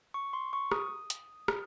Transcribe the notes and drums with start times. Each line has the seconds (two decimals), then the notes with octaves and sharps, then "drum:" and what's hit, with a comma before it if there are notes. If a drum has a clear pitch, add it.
0.14 C#6
0.33 C6
0.53 C#6
0.72 D#6, drum: rim click
1.10 drum: hi-hat
1.48 drum: rim click